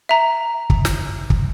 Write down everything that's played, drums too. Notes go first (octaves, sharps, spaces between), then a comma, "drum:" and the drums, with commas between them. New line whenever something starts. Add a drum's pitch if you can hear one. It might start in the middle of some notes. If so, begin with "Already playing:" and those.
E5 A#5
drum: kick
drum: snare
drum: kick